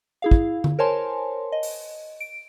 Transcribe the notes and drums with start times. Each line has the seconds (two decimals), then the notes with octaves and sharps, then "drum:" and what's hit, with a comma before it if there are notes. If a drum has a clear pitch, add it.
0.22 E4 G#4 F5
0.31 drum: kick
0.64 drum: tom D3
0.79 A#4 C5 C#5 G#5 A5 C6
1.52 D#5
1.63 drum: open hi-hat
2.21 D7